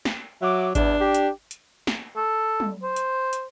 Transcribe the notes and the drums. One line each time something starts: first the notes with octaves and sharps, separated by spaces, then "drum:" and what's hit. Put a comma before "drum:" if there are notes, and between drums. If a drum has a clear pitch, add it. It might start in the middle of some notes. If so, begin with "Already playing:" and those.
drum: snare
F#3 E5 F#5 D6
E2 D4, drum: kick G#1, hi-hat
G4
drum: hi-hat
drum: hi-hat
drum: snare
A4
drum: tom
C5
drum: hi-hat
drum: hi-hat